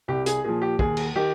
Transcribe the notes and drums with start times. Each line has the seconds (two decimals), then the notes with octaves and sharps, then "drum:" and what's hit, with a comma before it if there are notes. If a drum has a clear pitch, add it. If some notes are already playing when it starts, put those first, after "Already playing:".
0.08 C2 G4
0.26 G#4, drum: hi-hat
0.44 A#2 F3 G#4
0.62 G4
0.79 D#2 G#4, drum: kick
0.97 drum: cymbal
1.16 D#3 G4